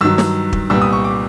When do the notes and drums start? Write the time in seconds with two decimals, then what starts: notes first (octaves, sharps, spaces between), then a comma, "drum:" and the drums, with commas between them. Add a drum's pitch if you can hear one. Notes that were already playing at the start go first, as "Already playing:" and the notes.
0.01 G2 D#3 F#3 E6
0.18 drum: snare
0.53 drum: kick
0.70 C2 A#2 G3 B3 E6
0.82 D#6
0.92 C#6
1.04 D6